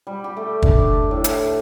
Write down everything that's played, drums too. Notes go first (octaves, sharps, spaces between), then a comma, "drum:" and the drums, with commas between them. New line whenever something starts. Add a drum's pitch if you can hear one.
G3
G4
A3
D4, drum: kick
A2
drum: hi-hat